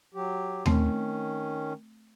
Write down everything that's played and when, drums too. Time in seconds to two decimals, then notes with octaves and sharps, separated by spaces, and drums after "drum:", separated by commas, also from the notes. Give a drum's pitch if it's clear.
0.14 F#3 G4
0.66 D#3 A3 C4 C#4, drum: tom D#2